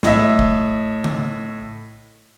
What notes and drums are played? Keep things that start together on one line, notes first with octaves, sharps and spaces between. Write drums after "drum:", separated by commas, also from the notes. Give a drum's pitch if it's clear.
A2 D#5 E5, drum: snare
drum: kick
drum: tom C#3